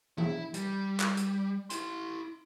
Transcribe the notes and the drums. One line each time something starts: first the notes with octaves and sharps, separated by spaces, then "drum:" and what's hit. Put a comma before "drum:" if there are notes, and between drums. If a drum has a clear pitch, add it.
E4, drum: tom E3
G3, drum: hi-hat
drum: clap
drum: hi-hat
E4 C6, drum: hi-hat